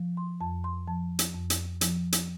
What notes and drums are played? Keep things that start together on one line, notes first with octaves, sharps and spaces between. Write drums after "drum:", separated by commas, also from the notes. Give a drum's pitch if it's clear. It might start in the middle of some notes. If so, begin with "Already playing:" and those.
Already playing: F3
C6
F2 A5
C6
F3 A5
drum: hi-hat
F2
drum: hi-hat
F3, drum: hi-hat
drum: hi-hat